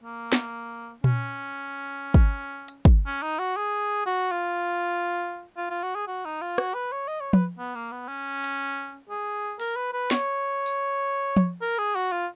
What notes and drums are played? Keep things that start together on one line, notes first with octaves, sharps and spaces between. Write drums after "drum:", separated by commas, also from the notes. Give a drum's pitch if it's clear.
A#3
drum: snare
C#4, drum: tom A#2
drum: kick
drum: hi-hat
drum: kick
C#4
D#4
F#4
G#4
F#4
F4
F4
F4
F#4
G#4
F#4
D#4
F4
F#4, drum: rim click
B4
C#5
D#5
C#5
B4, drum: tom F3
B3
A#3
B3
C#4
drum: hi-hat
G#4
A#4, drum: open hi-hat
B4
B4
C#5, drum: snare
drum: tambourine
drum: tom F3
A#4
G#4
F#4
F4